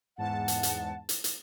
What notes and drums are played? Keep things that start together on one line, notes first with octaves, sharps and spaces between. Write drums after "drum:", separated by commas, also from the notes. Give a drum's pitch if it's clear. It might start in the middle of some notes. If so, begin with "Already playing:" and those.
E2 G#2 F#5 A5
drum: hi-hat
drum: hi-hat
drum: hi-hat
drum: hi-hat